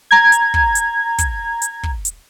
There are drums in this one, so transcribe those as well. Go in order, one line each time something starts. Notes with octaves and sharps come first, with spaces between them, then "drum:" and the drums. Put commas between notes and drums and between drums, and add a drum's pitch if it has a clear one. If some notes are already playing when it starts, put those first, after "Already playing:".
A#5 G#6
drum: hi-hat
drum: kick
drum: hi-hat
drum: kick, hi-hat
drum: hi-hat
drum: kick
drum: hi-hat